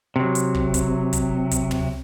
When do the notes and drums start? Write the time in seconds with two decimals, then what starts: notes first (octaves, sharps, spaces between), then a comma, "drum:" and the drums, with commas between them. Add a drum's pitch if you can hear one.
0.16 C3 F#3
0.35 drum: hi-hat
0.54 drum: kick
0.74 drum: kick, hi-hat
1.13 drum: kick, hi-hat
1.51 drum: kick, hi-hat
1.71 drum: tom